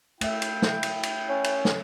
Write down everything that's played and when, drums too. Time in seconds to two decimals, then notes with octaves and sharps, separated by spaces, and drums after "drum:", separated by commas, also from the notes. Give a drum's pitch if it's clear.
0.21 A3 E4 E5 G5, drum: cymbal
0.42 drum: cymbal
0.62 drum: snare
0.83 drum: cymbal
1.03 drum: cymbal
1.29 C#4
1.44 drum: cymbal
1.65 drum: snare